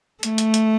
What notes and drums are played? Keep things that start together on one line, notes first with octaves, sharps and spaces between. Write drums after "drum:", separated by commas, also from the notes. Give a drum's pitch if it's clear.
A3, drum: hi-hat
drum: hi-hat
drum: hi-hat